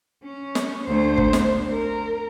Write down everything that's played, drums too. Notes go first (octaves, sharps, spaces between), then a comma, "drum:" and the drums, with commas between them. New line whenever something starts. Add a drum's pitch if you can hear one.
C#4
drum: snare
D2 C5
drum: kick
drum: snare
A#4